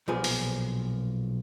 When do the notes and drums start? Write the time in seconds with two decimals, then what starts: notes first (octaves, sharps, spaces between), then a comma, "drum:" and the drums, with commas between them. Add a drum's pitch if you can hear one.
0.08 B1 A#2 F3 B3 G#4
0.24 drum: open hi-hat